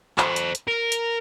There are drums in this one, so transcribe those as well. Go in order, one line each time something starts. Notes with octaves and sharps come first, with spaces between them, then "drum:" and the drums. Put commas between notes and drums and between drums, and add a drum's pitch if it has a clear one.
A4 C5, drum: clap
drum: hi-hat
drum: hi-hat
A#4
drum: hi-hat